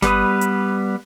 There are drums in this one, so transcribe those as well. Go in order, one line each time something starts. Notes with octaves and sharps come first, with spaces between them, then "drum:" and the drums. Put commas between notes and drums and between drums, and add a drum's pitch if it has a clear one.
G3 B3 B4 D#6, drum: snare G1
drum: hi-hat